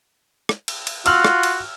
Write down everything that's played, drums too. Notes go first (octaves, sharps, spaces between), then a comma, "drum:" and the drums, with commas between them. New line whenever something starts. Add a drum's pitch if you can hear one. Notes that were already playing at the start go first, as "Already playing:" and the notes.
drum: rim click
drum: cymbal
drum: cymbal
F4 F#4 E6 F6 F#7, drum: cymbal
drum: rim click
drum: cymbal